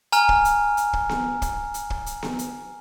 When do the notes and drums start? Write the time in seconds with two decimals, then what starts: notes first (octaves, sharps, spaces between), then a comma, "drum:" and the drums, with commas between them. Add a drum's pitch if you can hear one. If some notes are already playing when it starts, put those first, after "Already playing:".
0.12 G#5 A#5 F6, drum: hi-hat
0.29 drum: kick
0.45 drum: hi-hat
0.77 drum: hi-hat
0.93 drum: kick
1.09 drum: snare B3
1.42 drum: kick, hi-hat
1.74 drum: hi-hat
1.90 drum: kick
2.06 drum: hi-hat
2.23 drum: snare B3
2.39 drum: hi-hat